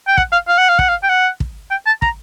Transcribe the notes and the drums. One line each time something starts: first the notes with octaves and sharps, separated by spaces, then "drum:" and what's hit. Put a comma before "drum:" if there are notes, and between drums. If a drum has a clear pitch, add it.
G5
F#5, drum: kick
F5
F5
F#5
F5
F#5, drum: kick
F5
G5
F#5
drum: kick
G5
A5
A#5, drum: kick